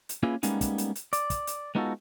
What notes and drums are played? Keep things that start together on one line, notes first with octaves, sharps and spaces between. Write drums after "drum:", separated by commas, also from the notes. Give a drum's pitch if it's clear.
drum: hi-hat
A#3 C#4 E4 F4 G#4 B4
G3 G#3 A#3 B3 C#4 D#4, drum: hi-hat
drum: kick, hi-hat
drum: hi-hat
drum: hi-hat
D5, drum: hi-hat
drum: kick, hi-hat
drum: hi-hat
G#3 B3 D#4 F4 F#4 A4